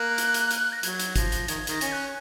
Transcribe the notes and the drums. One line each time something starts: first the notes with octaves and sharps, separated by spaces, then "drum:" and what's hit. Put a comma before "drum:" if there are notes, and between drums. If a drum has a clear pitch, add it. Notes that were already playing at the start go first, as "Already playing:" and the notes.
Already playing: A#3 F#6
drum: hi-hat
drum: hi-hat
drum: hi-hat
A#6
F#3 G#6, drum: hi-hat
drum: hi-hat
F3 A#6, drum: kick, hi-hat
drum: hi-hat
D#3 G#6, drum: hi-hat
D#3 A#6, drum: hi-hat
C#4, drum: hi-hat
F#6